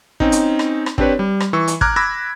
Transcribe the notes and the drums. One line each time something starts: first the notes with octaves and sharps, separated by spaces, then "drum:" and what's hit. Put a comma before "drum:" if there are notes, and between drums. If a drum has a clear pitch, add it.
C4 C#4 D#4, drum: kick
drum: hi-hat
drum: rim click
drum: rim click
C4 D4 G4 B4 C#5, drum: kick
G3
drum: rim click
E3 C#6 E6
drum: hi-hat
A#5 D6 F6 F#6 G#6, drum: kick
B5 D6 E6 G#6 A#6